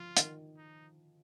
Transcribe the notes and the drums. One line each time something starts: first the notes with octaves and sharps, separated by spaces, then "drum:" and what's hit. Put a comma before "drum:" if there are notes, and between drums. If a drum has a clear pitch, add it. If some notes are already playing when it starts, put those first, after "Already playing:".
Already playing: F3 F4
D#3, drum: hi-hat
D#4